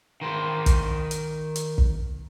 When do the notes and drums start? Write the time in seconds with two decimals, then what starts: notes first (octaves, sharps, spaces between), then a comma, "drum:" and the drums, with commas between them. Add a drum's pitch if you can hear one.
0.21 D#3 C5
0.66 drum: kick, hi-hat
1.11 drum: hi-hat
1.56 drum: hi-hat
1.78 drum: kick